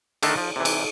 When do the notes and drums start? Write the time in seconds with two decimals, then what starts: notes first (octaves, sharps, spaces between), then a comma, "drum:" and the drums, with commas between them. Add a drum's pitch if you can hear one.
0.23 D3 D#3 A3 D4 A4 A#4, drum: cymbal
0.37 F3
0.56 C3 E3
0.65 drum: cymbal